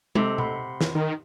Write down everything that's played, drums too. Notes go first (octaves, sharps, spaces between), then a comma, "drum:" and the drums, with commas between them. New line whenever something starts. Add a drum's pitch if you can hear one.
C3 A4 D#5, drum: tom
F#5 B5 C6, drum: tom B2
drum: snare
D#3